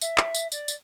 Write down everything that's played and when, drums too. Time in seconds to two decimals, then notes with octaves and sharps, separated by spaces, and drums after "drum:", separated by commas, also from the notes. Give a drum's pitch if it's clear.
0.01 E5, drum: tambourine
0.18 drum: clap
0.35 drum: tambourine
0.52 D5, drum: tambourine
0.68 drum: tambourine